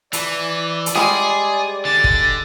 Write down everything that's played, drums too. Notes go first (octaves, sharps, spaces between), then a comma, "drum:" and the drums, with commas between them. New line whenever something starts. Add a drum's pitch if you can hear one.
E3 D5, drum: hi-hat
drum: hi-hat
G3 G#3 G#4
D3 A6
drum: kick